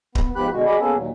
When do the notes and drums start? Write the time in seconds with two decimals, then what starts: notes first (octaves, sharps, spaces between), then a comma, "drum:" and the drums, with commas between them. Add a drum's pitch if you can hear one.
0.15 B3, drum: kick D1
0.36 G#2 F3 B3 G4 B5 F#6
0.53 B2 D3 G#3 F#4
0.66 F#4 G#4 D5 D#5 B5
0.80 A#3 B3 C#4 G#4 A4
0.95 D#2 A#2 F#3